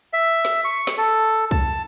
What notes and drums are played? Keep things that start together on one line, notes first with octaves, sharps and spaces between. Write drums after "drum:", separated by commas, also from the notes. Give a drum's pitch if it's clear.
E5
drum: snare
C#6
drum: snare
A4
A5, drum: kick